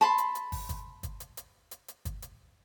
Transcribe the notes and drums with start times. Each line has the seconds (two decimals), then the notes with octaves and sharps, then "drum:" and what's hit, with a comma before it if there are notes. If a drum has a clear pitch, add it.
0.01 A5 B5 C6
0.18 drum: hi-hat
0.35 drum: hi-hat
0.52 drum: kick, open hi-hat
0.69 drum: kick, hi-hat
1.03 drum: kick, hi-hat
1.20 drum: hi-hat
1.37 drum: hi-hat
1.71 drum: hi-hat
1.88 drum: hi-hat
2.05 drum: kick, hi-hat
2.22 drum: hi-hat